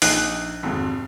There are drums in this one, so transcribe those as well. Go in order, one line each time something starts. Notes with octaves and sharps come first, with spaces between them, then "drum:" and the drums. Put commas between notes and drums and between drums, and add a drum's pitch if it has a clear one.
A#1 D#4 D#5 F#6, drum: open hi-hat
G#1 F2 C3